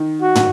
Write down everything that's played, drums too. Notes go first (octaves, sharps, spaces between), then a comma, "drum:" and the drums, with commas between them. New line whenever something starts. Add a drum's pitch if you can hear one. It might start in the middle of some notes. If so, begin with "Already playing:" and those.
Already playing: D#3
F#4
drum: tom